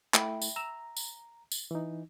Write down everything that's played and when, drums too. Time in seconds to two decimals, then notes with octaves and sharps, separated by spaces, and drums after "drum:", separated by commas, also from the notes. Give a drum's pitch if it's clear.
0.14 A3 E4 E5 G5 B5, drum: clap
0.42 drum: tambourine
0.56 A#5 E6 E7 F7
0.97 drum: tambourine
1.52 drum: tambourine
1.71 E3 D#4